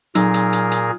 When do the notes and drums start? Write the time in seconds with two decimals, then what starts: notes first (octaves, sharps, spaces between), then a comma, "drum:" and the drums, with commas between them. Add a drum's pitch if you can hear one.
0.15 A#2 F#3 D#4 G#4 A#4 E6, drum: hi-hat
0.34 drum: hi-hat
0.53 drum: hi-hat
0.71 drum: hi-hat